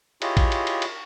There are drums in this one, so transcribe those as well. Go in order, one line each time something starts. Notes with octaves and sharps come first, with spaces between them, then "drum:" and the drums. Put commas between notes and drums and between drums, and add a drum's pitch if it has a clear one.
E4 F4 G4 G#4 C#5 D#5, drum: cymbal
drum: kick A1, cymbal
drum: cymbal
drum: cymbal
drum: cymbal